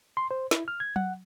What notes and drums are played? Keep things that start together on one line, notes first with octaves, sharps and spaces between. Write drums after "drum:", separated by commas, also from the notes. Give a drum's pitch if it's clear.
C6
C5
E4, drum: snare
F6
G#6
F#5, drum: tom F#3